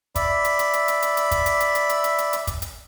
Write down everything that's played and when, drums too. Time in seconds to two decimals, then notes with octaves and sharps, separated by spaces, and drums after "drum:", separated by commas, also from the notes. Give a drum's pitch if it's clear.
0.15 D5 E5 B5, drum: kick, hi-hat
0.44 drum: hi-hat
0.59 drum: hi-hat
0.73 drum: hi-hat
0.88 drum: hi-hat
1.02 drum: hi-hat
1.17 drum: hi-hat
1.31 drum: kick, hi-hat
1.46 drum: hi-hat
1.60 drum: hi-hat
1.75 drum: hi-hat
1.89 drum: hi-hat
2.04 drum: hi-hat
2.18 drum: hi-hat
2.33 drum: hi-hat
2.47 drum: kick, hi-hat
2.62 drum: hi-hat